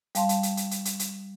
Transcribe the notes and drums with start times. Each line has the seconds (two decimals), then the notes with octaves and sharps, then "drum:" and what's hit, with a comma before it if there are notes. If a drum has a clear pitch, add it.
0.15 G3 F5 A5 C6, drum: hi-hat
0.29 drum: hi-hat
0.43 drum: hi-hat
0.57 drum: hi-hat
0.71 drum: hi-hat
0.85 drum: hi-hat
0.99 drum: hi-hat